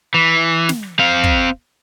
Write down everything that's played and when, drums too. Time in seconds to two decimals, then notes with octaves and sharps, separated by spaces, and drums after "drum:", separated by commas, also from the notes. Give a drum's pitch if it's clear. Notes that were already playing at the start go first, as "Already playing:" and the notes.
0.14 E3
0.69 drum: snare
0.99 C4 F5
1.24 drum: kick